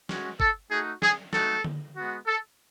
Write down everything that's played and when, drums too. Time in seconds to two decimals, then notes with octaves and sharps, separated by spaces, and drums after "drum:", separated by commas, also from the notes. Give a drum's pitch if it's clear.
0.09 G#3 C#4 F#4, drum: snare
0.40 A4, drum: kick G1
0.70 A3 D#4 F#4 G#4
1.02 G#4, drum: snare
1.33 A3 D#4 F#4 A4, drum: snare
1.64 drum: tom
1.96 G#3 B3 F#4
2.27 A4